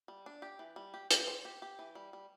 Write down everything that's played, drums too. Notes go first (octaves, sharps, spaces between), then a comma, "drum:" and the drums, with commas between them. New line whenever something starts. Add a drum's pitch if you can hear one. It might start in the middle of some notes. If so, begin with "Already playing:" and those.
G3
D4
G4
E3
G3
G4
G4, drum: hi-hat
C5
G4
G4
E3
G3
G3